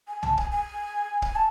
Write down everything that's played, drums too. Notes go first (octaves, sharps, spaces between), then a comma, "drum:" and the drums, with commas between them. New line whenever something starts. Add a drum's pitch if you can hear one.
G#5
A5, drum: tom
G#5, drum: kick
G#5
G#5, drum: kick
A5